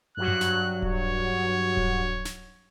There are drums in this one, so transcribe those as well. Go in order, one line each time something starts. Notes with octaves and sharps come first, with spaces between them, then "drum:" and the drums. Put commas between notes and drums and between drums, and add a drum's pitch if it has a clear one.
G2 F#3 F#4 F#6
drum: tom F#2
drum: snare
C#5, drum: kick D1
drum: kick D1
drum: snare